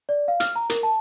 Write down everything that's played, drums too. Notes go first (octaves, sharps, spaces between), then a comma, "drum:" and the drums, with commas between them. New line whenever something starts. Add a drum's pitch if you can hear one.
D5
F5
F6, drum: hi-hat
A#5
A#4, drum: hi-hat
A5